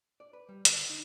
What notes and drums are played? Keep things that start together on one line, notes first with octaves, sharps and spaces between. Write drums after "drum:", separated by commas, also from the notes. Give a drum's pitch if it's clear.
D5
B4
G3
D3, drum: hi-hat
D#4